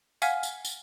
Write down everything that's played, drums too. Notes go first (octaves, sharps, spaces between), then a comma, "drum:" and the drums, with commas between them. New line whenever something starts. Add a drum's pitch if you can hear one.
F5 F#5 G#5 F6 G#6 B6, drum: tambourine
drum: tambourine
drum: tambourine